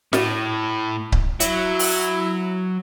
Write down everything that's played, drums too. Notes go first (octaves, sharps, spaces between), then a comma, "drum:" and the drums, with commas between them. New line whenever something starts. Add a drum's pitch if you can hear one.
A2, drum: snare
drum: kick C#1
F#3 E4, drum: hi-hat
drum: open hi-hat